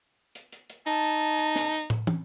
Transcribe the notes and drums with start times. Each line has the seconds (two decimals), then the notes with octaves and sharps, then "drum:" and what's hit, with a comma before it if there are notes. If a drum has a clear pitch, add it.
0.35 drum: hi-hat
0.52 drum: hi-hat
0.70 drum: hi-hat
0.87 D#4 A5, drum: hi-hat
1.04 drum: hi-hat
1.21 drum: hi-hat
1.38 drum: hi-hat
1.56 drum: snare
1.73 drum: hi-hat
1.90 drum: tom
2.07 drum: tom